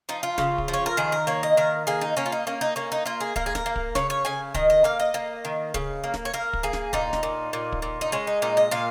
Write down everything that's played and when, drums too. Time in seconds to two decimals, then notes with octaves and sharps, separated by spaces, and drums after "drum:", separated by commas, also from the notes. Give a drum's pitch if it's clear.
0.09 F3 D#4
0.23 F4
0.38 C#3, drum: snare
0.58 drum: kick
0.68 F3
0.74 C#5
0.86 A#4
0.97 D#3 G#4
1.12 A#4
1.27 A#3 C#5
1.43 D#5
1.57 D#3 A#4
1.87 A#3 G#4
2.01 D#4
2.17 A#3 C#4
2.26 F4
2.32 D#4
2.47 A#3 C#4
2.61 D#4
2.76 A#3 C#4
2.92 D#4
3.06 A#3 F4
3.20 G#4
3.36 A#3 A#4, drum: kick
3.46 G#4
3.55 A#4, drum: snare
3.66 A#3
3.76 drum: kick
3.95 C#3 C#5, drum: snare
4.10 C#5
4.25 C#3 G#5
4.54 D#3 D#5, drum: kick
4.70 D#5
4.84 A#3 F5
5.00 D#5
5.14 A#3
5.45 D#3
5.74 C#3, drum: kick
6.04 A#3
6.14 drum: snare
6.25 C#5
6.34 A#3 A#4
6.53 drum: kick
6.63 A#3 G#4
6.73 drum: snare
6.93 A#2 D#4, drum: kick
7.13 drum: snare
7.23 A#2
7.53 A#2
7.72 drum: kick
7.82 A#2
8.01 D#4
8.12 G#3 C#4
8.27 D#4
8.42 A#2 D#4
8.57 D#5
8.71 A#2 F5